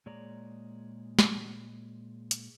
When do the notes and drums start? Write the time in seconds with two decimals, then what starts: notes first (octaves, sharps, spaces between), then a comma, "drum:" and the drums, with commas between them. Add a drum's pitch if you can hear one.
0.06 A#2 G#3 C#5 D5 A#5
1.19 drum: snare
2.31 drum: hi-hat